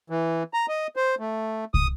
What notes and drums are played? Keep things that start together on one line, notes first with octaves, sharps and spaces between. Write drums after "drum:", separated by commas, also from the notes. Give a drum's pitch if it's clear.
E3
A#5
D#5
C5
A3
D#6, drum: kick